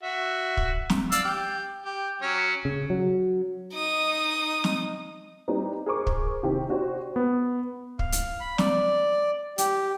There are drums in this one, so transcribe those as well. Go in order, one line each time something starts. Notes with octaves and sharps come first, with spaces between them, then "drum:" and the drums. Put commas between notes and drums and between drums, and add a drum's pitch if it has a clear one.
F#4 E5
drum: kick
drum: snare
D5 F5 E6, drum: hi-hat
G4
G4
F#3 C#4
C#3
F#3
D#4 D#6
drum: snare
G3 C4 D4 D#4 B4
G#4 A#4 C5 C#6 D6
drum: kick
C3 D#3 C4 G4
D4 F#4 G4 C5 C#5
B3
F5, drum: kick
drum: hi-hat
B5
D5, drum: snare
G4, drum: hi-hat